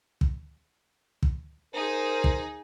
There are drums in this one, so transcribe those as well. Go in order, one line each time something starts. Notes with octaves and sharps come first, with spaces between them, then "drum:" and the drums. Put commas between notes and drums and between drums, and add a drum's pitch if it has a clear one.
drum: kick
drum: kick
D#4 G#4 A#4 C5
drum: kick